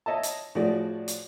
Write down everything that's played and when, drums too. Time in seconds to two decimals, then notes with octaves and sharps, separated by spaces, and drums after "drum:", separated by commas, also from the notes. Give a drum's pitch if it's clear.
0.06 C#5 D#5 E5 A5
0.23 drum: hi-hat
0.55 A2 F3 F#4 G#4 D5
1.08 drum: hi-hat